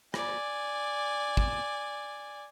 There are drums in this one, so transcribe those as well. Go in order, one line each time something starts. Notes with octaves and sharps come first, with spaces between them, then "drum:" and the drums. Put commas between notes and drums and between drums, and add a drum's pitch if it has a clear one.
D5 G#5, drum: rim click
drum: kick